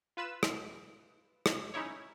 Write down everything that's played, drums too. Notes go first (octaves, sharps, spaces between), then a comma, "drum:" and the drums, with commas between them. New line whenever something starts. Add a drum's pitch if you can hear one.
F4 B4 E6 E7
drum: rim click
drum: rim click
C#4 D#4 E4 C#5